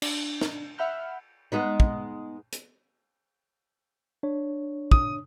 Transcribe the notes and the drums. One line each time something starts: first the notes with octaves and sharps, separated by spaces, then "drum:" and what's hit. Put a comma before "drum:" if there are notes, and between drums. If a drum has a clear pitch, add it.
D4, drum: cymbal
drum: snare
E5 F#5 B5 F6 G6
G#3 B3 D#4
drum: kick
drum: hi-hat
D4 C#5
D#6, drum: kick